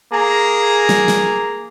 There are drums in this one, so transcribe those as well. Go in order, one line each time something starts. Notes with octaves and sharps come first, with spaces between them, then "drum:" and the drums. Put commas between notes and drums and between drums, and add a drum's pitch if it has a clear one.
A#3 G#4 A#5
drum: snare
drum: snare